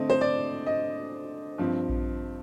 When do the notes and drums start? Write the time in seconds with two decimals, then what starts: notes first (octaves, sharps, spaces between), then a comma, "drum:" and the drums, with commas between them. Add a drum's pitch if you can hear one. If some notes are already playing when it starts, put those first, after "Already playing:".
Already playing: D3 A3 C4 D#5
0.10 C5
0.21 D5
0.66 D#5
1.58 G2 F3 C4
1.89 drum: kick A#1